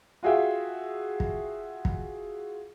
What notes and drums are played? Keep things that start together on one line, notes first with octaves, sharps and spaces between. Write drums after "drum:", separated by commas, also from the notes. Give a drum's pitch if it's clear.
F4 F#4 G#4 E5 G5
drum: kick
drum: kick